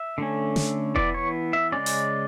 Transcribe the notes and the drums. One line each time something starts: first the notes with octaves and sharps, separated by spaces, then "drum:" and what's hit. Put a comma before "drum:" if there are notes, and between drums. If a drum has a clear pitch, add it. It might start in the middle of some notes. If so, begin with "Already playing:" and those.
Already playing: E5
D3 A3 C#4
drum: snare
E3 B3 D5, drum: kick E1
C#5
E5
C#3 G#3 C#4 D5
drum: open hi-hat